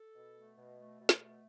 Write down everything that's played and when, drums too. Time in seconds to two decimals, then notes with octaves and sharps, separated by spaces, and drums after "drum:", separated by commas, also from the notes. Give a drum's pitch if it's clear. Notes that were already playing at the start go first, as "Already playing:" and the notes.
Already playing: A4
0.15 B2
0.36 A3
0.57 B2
0.79 A3
1.00 B2
1.09 drum: snare
1.21 A3